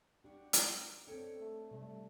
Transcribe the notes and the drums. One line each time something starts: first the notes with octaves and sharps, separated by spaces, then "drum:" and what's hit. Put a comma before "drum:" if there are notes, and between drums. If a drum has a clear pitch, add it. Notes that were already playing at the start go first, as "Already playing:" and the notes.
D4 F#4 G4
drum: hi-hat
C4 D4 A4 C#5 G5
A3
C3 G3 A3